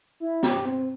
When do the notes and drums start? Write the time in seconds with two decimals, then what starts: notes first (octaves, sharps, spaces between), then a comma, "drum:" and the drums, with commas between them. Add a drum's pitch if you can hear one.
0.20 E4
0.43 G4, drum: snare
0.65 C4